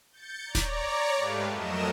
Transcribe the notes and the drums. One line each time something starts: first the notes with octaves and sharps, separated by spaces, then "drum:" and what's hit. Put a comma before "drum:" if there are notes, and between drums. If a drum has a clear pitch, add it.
G6 A6 C#7
C#5 D5 A#5
drum: snare D#1
G#2 A3 G4 B4 F5
F2 F#3 A3 A#4 D#5 E7